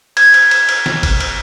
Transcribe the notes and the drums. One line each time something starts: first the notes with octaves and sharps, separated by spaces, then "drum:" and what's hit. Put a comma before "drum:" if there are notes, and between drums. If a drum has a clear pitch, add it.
G#6, drum: cymbal
drum: cymbal
drum: cymbal
drum: cymbal
drum: snare
drum: kick G1, cymbal
drum: cymbal